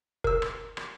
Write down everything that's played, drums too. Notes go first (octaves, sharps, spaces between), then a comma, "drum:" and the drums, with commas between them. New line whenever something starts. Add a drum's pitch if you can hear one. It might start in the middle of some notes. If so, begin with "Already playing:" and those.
A#4 E6, drum: kick F1
drum: rim click
drum: rim click